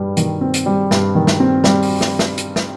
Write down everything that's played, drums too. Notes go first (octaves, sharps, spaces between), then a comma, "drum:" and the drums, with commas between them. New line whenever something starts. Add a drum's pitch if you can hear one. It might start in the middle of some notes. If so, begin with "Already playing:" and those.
Already playing: G2 G3
D#3, drum: hi-hat
C4
drum: hi-hat
G3
G2, drum: snare
D#3
drum: snare
C4
G3, drum: snare
drum: open hi-hat
drum: snare
drum: snare
drum: hi-hat
drum: snare